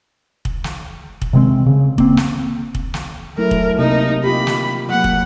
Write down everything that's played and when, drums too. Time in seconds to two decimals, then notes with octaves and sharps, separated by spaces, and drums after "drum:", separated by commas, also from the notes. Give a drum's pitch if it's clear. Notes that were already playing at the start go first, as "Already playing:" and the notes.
0.45 drum: kick
0.64 drum: snare
1.22 drum: kick
1.33 C3 D#3 G#3 C4
1.66 C#3
1.98 A#3 C4, drum: kick
2.17 drum: snare
2.75 drum: kick
2.94 drum: snare
3.38 F#3 A3 E4 A#4
3.51 drum: kick
3.78 C3 A#3 D#4 A#4
4.24 F4 G4 B5
4.47 drum: snare
4.90 F#3 A#3 F#5
5.04 drum: kick